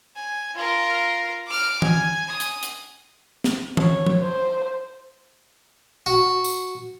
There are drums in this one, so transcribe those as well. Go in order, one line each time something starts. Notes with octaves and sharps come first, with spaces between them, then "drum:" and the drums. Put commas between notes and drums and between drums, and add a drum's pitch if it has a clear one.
G#5
F4 A#4
D6 F6
G#5, drum: tom E3
D#6
drum: hi-hat
drum: hi-hat
drum: snare
C#5, drum: tom E3
drum: tom
C5
F#4
drum: tambourine